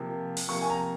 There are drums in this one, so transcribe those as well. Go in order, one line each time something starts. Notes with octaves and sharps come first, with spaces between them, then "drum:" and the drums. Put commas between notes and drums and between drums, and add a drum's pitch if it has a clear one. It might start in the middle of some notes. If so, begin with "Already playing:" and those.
Already playing: C3 F3 A#3
drum: open hi-hat
C3 F3 A#3 C#6
G#5
A#5